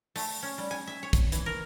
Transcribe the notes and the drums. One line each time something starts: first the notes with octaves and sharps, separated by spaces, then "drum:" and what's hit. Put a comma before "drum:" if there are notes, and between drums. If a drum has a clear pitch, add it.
A3, drum: open hi-hat
C#4
G3
G#5
E5
C#5
drum: kick, hi-hat
E3, drum: hi-hat
A#4